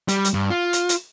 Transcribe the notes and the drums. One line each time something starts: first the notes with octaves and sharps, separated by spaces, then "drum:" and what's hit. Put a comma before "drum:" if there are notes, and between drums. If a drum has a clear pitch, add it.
G3, drum: hi-hat
drum: hi-hat
G2
F4
drum: hi-hat
drum: hi-hat